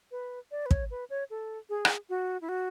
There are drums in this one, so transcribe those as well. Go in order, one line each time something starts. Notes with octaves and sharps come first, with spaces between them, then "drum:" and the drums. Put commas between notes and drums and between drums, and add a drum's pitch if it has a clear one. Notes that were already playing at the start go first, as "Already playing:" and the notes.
B4
D5
B4
C#5, drum: kick
B4
C#5
A4
G#4
drum: rim click
F#4
E4
F#4